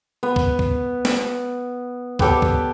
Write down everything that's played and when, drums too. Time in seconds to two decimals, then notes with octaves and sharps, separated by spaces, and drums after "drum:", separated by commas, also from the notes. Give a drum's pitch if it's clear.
0.23 B3
0.36 drum: kick
0.59 drum: kick
1.05 drum: snare
2.19 B3 G4 A4 D5, drum: kick
2.42 drum: kick